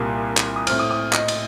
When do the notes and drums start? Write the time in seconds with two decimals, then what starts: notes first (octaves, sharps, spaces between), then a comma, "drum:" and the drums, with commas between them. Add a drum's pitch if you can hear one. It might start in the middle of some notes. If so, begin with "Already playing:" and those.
Already playing: C2 A#2 G3 A#3
0.37 drum: clap
0.56 D#6
0.67 A2 A3 C4 F6, drum: cymbal
0.79 D#6
0.91 D#6
1.13 D#5, drum: clap
1.28 drum: cymbal